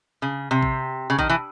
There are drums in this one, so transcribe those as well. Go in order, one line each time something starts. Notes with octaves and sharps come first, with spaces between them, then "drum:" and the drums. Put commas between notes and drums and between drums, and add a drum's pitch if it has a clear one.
C#3
C3
drum: kick A1
C#3
D#3, drum: kick A1
E3